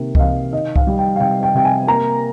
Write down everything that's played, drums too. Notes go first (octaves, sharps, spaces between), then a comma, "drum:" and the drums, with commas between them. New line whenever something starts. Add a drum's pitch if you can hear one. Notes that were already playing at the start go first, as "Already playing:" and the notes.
Already playing: C3 D#3 A#3
D#5, drum: kick C2
C3 F5
D#3 D#5
F5, drum: kick C2
G3
G5
F5
C3 G5
G5
C3 G5
G#5
A#3 A#5